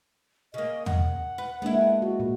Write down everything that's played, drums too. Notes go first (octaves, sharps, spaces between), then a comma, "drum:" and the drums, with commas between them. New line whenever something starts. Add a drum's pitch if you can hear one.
C#3 A#3 D#5
F#5, drum: tom
B4
G#3 A#3 B3 D4 E4
F#4
A#2